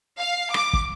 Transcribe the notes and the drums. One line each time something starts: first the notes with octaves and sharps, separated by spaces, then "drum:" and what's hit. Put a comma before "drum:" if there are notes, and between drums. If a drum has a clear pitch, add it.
F5
D6, drum: rim click
drum: kick